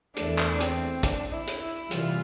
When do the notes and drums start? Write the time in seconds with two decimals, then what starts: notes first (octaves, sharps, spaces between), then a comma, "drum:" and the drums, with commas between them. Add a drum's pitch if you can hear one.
0.16 E2 E3 A3 D4, drum: hi-hat
0.39 drum: clap
0.60 C4, drum: hi-hat
1.03 D4, drum: kick, hi-hat
1.33 E4
1.47 drum: hi-hat
1.63 E4
1.91 C3 E3 G3 F4, drum: hi-hat